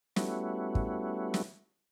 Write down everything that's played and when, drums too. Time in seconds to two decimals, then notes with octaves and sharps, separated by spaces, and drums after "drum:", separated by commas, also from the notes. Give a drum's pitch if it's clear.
0.16 G3 A3 B3 C#4 E4 F#4, drum: snare
0.75 drum: kick
1.34 drum: snare